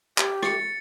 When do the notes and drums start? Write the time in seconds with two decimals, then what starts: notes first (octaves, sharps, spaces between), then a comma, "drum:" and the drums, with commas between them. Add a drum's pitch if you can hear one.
0.18 G4, drum: clap
0.43 A6 C#7, drum: rim click